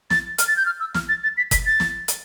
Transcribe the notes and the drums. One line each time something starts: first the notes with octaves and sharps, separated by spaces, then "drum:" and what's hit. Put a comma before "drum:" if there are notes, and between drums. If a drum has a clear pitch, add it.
A6, drum: snare
F6, drum: hi-hat
A6
G6
F6
E6
F6, drum: snare
A6
A6
B6
B6, drum: kick F#1, hi-hat
A6
drum: snare
drum: hi-hat